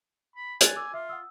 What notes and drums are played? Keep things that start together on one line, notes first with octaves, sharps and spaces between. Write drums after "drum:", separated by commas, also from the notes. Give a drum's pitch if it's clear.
B5
G#5 F#6 A6, drum: hi-hat
D6 E6
F4 E5
F#5 D#6 E6